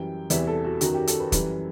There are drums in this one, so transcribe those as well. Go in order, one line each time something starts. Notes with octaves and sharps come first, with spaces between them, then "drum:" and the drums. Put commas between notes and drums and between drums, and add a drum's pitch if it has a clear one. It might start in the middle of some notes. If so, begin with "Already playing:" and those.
Already playing: F#2 E3 G3 G5
E2 C3 E3 G3 E5, drum: hi-hat
A4
F#4
F#2 D#3 F#3 F#4, drum: hi-hat
G4
A4, drum: hi-hat
B4
F#2 E3 G3, drum: kick, hi-hat